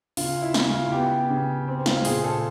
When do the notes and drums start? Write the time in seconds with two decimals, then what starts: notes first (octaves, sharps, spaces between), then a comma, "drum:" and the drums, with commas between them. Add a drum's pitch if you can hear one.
0.17 C#3 F4, drum: open hi-hat
0.42 E4
0.54 C#3, drum: snare
0.67 F4
0.92 B3 G4
1.30 C#3
1.68 C4
1.86 F4, drum: snare
2.05 A#2 G#4, drum: open hi-hat
2.24 A4